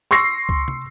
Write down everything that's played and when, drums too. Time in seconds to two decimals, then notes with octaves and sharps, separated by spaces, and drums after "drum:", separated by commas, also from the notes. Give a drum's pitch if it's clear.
0.11 C6 C#6 E6 A#6 C7
0.49 drum: kick C#2
0.68 drum: tom